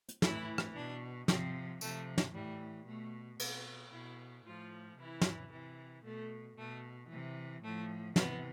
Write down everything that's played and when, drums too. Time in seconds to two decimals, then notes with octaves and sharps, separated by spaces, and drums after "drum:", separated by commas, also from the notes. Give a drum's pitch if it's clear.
0.09 drum: hi-hat
0.22 A2 E3 E4, drum: snare
0.58 drum: rim click
0.76 B2 D4
1.28 C3 F3 C4, drum: snare
1.81 C3 F3 A3, drum: tambourine
2.18 drum: snare
2.34 A2 E3 G3
2.87 B2 A3
3.39 B2 C4, drum: cymbal
3.92 B2 E4
4.46 A2 F3 F4
4.98 C3 E3 E4
5.21 drum: snare
5.52 C3 E3
6.04 B2 A3
6.57 B2 A3
7.10 C3 E3
7.63 A2 F3 A3
8.16 C3 E3 B3, drum: snare